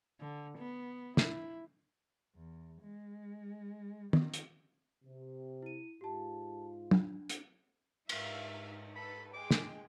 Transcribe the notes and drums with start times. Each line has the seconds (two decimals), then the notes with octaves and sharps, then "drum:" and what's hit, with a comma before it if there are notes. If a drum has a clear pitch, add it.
0.20 D3
0.57 B3
1.17 E4, drum: snare
2.36 E2
2.82 G#3
4.13 D#3, drum: tom
4.34 drum: hi-hat
5.04 C3
5.62 E4 D#7
6.01 G#2 F4 G4 A5
6.91 D4, drum: tom
7.29 drum: hi-hat
8.09 G#2 D#4 E5 F5, drum: cymbal
8.96 A4 B4 B5
9.34 G#3 G5 D6
9.51 drum: snare